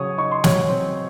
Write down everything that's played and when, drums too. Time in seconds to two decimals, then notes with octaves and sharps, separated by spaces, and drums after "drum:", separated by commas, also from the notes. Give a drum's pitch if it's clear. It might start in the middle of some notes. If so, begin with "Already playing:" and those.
Already playing: C#3 F#3 C#5 C#6 D#6
0.18 D#4 C#6
0.31 C6
0.44 F#3 C#5, drum: snare
0.70 C4